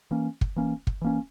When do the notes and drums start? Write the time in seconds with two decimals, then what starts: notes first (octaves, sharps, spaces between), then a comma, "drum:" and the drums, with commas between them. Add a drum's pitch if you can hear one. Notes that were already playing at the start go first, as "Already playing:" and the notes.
0.11 E3 A#3 C#4
0.41 drum: kick
0.56 E3 A#3 C#4
0.87 drum: kick
1.02 E3 A#3 C#4